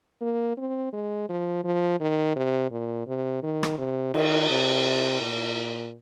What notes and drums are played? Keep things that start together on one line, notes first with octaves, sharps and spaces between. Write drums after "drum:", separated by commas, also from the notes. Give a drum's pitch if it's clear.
A#3
C4
G#3
F3
F3
D#3
C3
A#2
C3
D#3
drum: rim click
C3
D#3, drum: cymbal
C3
A#2